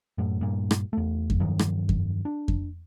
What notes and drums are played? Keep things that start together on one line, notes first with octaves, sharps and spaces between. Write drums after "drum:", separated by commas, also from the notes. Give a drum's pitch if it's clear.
F#2 A2
G2 A#2
drum: rim click
E2 A3
drum: kick F2
G2 D#3 F3 F#3
drum: rim click
drum: kick F2
D4
drum: kick F2